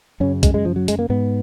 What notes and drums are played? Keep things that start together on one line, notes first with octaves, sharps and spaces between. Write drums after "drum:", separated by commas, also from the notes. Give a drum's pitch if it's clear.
F#2 C#3 C#4
G#3, drum: kick, hi-hat
G#3
F3
F#3
G#3, drum: hi-hat
A#3
G#2 B3